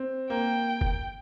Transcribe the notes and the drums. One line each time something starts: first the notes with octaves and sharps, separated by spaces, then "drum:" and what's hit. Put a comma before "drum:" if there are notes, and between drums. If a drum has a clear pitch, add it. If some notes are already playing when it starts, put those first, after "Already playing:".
Already playing: C4
A#3 G5
drum: kick